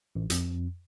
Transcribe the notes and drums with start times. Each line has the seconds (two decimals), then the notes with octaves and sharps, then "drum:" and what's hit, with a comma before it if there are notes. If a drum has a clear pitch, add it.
0.15 A1
0.30 F2, drum: hi-hat